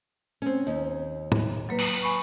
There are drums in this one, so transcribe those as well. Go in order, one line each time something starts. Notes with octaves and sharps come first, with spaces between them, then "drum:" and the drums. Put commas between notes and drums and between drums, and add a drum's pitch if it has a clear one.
C4 C#4
D#2
drum: tom
F#3 A#3 B4
drum: cymbal
G#5 B5 C#6